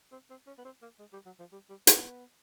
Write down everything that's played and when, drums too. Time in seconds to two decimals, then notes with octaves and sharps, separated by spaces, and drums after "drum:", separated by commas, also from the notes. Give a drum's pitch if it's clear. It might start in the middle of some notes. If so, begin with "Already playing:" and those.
0.12 C4
0.30 C4
0.47 C#4
0.58 B3
0.65 C4
0.82 A#3
0.99 G#3
1.13 G3
1.26 F#3
1.39 F3
1.52 G3
1.70 G3
1.87 B3, drum: hi-hat